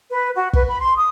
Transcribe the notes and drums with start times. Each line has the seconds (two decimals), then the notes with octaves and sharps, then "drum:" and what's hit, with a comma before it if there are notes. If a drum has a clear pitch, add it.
0.10 B4
0.34 F#4
0.53 B4, drum: kick
0.67 B5
0.80 C6
0.95 D#6